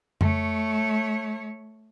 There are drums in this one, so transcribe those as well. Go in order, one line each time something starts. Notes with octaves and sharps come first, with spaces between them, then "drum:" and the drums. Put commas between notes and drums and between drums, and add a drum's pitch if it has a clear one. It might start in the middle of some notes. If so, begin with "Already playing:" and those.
A3 C#5, drum: tom F2